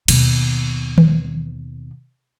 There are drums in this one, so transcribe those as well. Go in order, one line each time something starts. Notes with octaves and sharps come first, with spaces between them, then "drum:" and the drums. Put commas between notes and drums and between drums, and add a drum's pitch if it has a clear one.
D#2 B2, drum: cymbal
drum: tom D#3